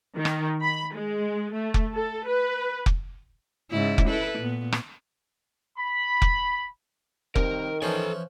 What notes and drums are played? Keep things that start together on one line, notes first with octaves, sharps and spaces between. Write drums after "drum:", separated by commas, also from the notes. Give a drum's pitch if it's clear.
D#3
drum: rim click
B5
G#3
A3
drum: kick F1
A4
B4
drum: kick F1
G#2 C#3 E4
drum: kick F1
E4 A4 B4
A#2 B3
drum: rim click
B5
drum: kick F1
C2 D#3 A#4, drum: kick F1
E3 F3 C#4 A4 G#5